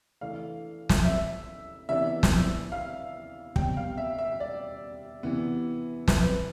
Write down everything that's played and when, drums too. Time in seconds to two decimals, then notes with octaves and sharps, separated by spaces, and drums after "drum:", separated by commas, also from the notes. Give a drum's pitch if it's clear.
0.21 E3 A3 D4 F5
0.89 drum: snare
1.05 E5
1.89 C3 E3 B3 D4 E5
2.23 drum: snare
2.72 F5
3.56 B2 G3 C4 G5, drum: kick
3.77 F5
3.98 E5
4.18 E5
4.40 D5
5.23 C3 E3 B3
6.08 B4, drum: snare